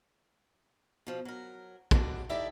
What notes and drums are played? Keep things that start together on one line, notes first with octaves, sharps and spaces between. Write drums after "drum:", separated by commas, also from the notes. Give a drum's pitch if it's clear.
B2 F3
F#3 A#4
G2 B2 F#3 D4, drum: kick
D#4 E4 G4 A4 D5 E5